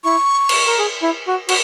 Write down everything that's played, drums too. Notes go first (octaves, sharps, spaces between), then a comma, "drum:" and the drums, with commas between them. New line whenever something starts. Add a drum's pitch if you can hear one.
E4 C#6
drum: cymbal
A#4
G#4
E4
F#4
F#4, drum: cymbal